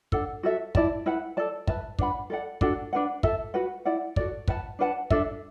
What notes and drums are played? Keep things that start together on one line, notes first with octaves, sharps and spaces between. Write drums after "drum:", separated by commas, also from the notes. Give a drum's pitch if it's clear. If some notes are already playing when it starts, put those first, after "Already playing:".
D4 A4 F#5, drum: kick
F#4 A4 E5
E4 D5 A5, drum: kick
E4 B4 F#5
A4 D5 A5
B4 E5 A5, drum: kick
D4 B4 F#5 B5, drum: kick
A4 D5 F#5
D4 F#4 A4 F#5, drum: kick
D4 B4 F#5
A4 E5 A5, drum: kick
F#4 B4 F#5
E4 D5 F#5
F#4 A4 D5, drum: kick
B4 F#5 A5, drum: kick
D4 B4 F#5 A5
D4 A4 E5, drum: kick